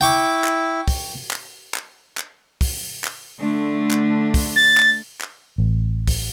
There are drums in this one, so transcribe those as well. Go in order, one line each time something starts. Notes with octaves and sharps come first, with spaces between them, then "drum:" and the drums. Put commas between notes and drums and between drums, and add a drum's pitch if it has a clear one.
E4 G5 C#6 D6
drum: clap
drum: kick, open hi-hat
drum: clap
drum: clap
drum: clap
drum: kick, open hi-hat
drum: clap
D3 A3 D4
drum: clap
drum: kick, open hi-hat
A6
drum: clap
drum: clap
A1
drum: kick, open hi-hat